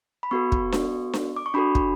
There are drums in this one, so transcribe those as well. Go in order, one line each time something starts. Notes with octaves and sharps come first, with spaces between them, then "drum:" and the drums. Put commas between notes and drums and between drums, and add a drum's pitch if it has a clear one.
B5
B3 F#4 A4 C#6
drum: kick
drum: snare D4
drum: snare D4
D6
C#6
D4 F#4 A4 B5
drum: kick